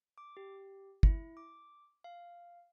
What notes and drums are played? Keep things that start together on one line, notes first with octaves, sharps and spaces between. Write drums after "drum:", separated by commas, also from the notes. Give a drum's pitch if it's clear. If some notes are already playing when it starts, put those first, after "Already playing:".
D6
G4
E4, drum: kick
D6
F5